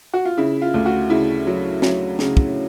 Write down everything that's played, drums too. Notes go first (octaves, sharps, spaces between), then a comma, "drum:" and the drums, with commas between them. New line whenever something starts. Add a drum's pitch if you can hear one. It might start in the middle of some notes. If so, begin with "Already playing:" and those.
F#4
F4
C#3 E4
F4
D2
F#4
C#3 E4
F#3
F#3, drum: snare
C#3, drum: snare
drum: kick